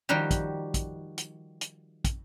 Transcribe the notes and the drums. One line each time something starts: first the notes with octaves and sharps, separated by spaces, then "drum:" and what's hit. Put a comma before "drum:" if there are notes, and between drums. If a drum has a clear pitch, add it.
D#3 F3 G3 F#4 G4
drum: kick, hi-hat
drum: kick, hi-hat
drum: hi-hat
drum: hi-hat
drum: kick, hi-hat